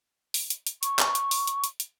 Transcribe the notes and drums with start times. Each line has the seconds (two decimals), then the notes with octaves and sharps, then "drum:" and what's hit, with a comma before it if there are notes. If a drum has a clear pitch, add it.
0.34 drum: open hi-hat
0.50 drum: hi-hat
0.67 drum: hi-hat
0.83 C#6, drum: hi-hat
0.99 drum: clap
1.15 drum: hi-hat
1.31 drum: open hi-hat
1.47 drum: hi-hat
1.64 drum: hi-hat
1.80 drum: hi-hat